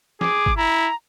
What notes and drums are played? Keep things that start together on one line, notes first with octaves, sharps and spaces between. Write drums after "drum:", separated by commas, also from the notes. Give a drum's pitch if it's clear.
G#4 D6, drum: snare
drum: kick G#1
E4 A#5